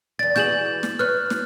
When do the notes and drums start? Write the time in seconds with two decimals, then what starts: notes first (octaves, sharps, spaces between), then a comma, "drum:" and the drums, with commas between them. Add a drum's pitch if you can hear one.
0.19 E2 D5 A6
0.36 E3 F#4 G#4 G6 E7 F#7, drum: snare
0.83 drum: snare
0.99 B4 C#5 F6 F#6
1.30 drum: snare